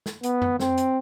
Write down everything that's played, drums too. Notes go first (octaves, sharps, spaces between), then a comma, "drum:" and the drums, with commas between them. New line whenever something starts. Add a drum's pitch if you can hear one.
drum: snare
B3, drum: hi-hat
drum: tom F2
C4, drum: snare
drum: hi-hat